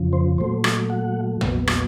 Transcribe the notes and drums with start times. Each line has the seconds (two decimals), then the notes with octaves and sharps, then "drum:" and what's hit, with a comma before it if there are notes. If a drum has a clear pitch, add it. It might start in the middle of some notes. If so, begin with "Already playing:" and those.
Already playing: F2 C#3 F3
0.13 C5
0.38 A#2 F#3 A3 C5
0.64 drum: rim click
0.90 F#5
1.41 A#2 F#3 B3, drum: tom
1.67 drum: rim click